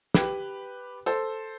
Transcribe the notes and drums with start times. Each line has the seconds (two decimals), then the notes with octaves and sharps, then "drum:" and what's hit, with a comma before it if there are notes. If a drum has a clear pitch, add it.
0.14 G4 B4, drum: snare
1.06 A4 C5, drum: tambourine